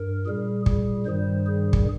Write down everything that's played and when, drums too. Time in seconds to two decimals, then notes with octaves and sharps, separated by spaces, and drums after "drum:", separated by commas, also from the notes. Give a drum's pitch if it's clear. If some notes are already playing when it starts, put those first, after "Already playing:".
Already playing: G2 A#4
0.26 A#2 G3 G#4
0.66 G#4, drum: kick
1.06 G2 D#3 G3 C5
1.46 G#4
1.73 drum: kick